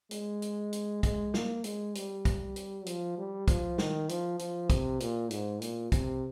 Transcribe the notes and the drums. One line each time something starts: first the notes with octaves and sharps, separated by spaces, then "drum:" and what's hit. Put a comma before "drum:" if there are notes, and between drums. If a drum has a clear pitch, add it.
G#3, drum: hi-hat
drum: hi-hat
drum: hi-hat
G#3, drum: kick, hi-hat
A#3, drum: snare
G#3, drum: hi-hat
G3, drum: hi-hat
drum: kick, hi-hat
drum: hi-hat
F3, drum: hi-hat
G3
F3, drum: kick, hi-hat
D#3, drum: snare
F3, drum: hi-hat
F3, drum: hi-hat
C3, drum: kick, hi-hat
A#2, drum: hi-hat
G#2, drum: hi-hat
A#2, drum: hi-hat
C3, drum: kick, hi-hat